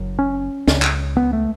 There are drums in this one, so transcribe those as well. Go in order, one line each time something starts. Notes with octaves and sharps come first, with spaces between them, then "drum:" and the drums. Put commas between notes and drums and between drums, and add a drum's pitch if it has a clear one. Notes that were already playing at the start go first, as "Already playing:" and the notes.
Already playing: F#1 F#2
C#4
C#2 C#3, drum: snare
drum: clap
B3
A3